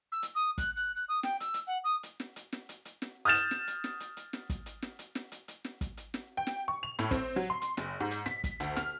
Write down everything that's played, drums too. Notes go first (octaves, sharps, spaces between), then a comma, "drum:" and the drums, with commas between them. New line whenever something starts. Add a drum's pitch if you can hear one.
E6
drum: hi-hat
D#6
F#6, drum: kick, hi-hat
F#6
F#6
D#6
G5, drum: snare
E6, drum: hi-hat
drum: hi-hat
F#5
D#6
drum: hi-hat
drum: snare
drum: hi-hat
drum: snare
drum: hi-hat
drum: hi-hat
drum: snare
D#6 F6 G6 A6 E7
drum: hi-hat
drum: snare
drum: hi-hat
drum: snare
drum: hi-hat
drum: hi-hat
drum: snare
drum: kick, hi-hat
drum: hi-hat
drum: snare
drum: hi-hat
drum: snare
drum: hi-hat
drum: hi-hat
drum: snare
drum: kick, hi-hat
drum: hi-hat
drum: snare
G5
drum: snare
C#6
F7
A2, drum: snare
C4, drum: kick, hi-hat
F#3
C6
drum: hi-hat
F#1, drum: snare
G#2
drum: hi-hat
B6, drum: snare
drum: kick, hi-hat
D2, drum: hi-hat
F6, drum: snare